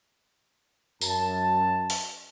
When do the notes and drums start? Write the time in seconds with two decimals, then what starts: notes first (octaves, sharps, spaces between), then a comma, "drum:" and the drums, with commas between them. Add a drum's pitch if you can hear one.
1.01 F#2 A5, drum: tambourine
1.90 drum: open hi-hat